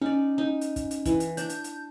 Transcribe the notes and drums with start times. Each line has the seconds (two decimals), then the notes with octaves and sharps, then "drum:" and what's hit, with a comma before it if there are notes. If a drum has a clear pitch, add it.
0.02 C#4 D#4 D5
0.38 D#4
0.61 drum: hi-hat
0.76 drum: kick, hi-hat
0.91 drum: hi-hat
1.06 E3, drum: kick, hi-hat
1.20 drum: hi-hat
1.37 D4 G6, drum: hi-hat
1.50 drum: hi-hat
1.64 drum: hi-hat